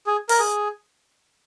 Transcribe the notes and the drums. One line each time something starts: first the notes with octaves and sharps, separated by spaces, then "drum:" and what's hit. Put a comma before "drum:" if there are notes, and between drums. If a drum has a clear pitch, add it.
G#4
A#4, drum: open hi-hat
G#4